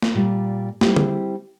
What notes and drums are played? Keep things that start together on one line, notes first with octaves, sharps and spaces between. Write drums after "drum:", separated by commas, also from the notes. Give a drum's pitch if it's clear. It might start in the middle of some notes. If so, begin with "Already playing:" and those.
drum: snare
A#2 G3 A#3
G3 C4 E4 G4, drum: snare
drum: tom D3